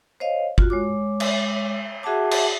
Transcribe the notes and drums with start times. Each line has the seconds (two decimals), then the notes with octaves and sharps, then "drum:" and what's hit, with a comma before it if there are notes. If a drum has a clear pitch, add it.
0.20 C5 C#5 D#5 F5
0.58 F4 F#4, drum: kick G1
0.70 G#3 C#5 D6
1.20 drum: cymbal
2.03 F#4 G#4 E5 F#5 A5 D6
2.31 drum: cymbal